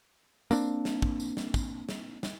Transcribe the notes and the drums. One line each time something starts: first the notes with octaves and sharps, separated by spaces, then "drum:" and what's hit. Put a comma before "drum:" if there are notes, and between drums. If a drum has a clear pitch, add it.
A#3 C4 D4, drum: tambourine
drum: snare
drum: kick
drum: tambourine
drum: snare
drum: kick, tambourine
drum: snare
drum: snare